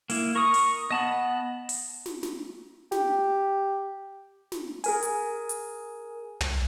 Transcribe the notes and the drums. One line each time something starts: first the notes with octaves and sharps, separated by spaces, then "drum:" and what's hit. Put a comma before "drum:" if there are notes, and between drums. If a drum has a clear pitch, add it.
A#3 E4, drum: open hi-hat
A#4 C#6 D#6
drum: open hi-hat
B3 D#5 A5 B5
drum: open hi-hat
drum: snare
drum: snare
G4, drum: snare
drum: snare
G#4 A#4 G#5, drum: open hi-hat
drum: hi-hat
drum: hi-hat
drum: tom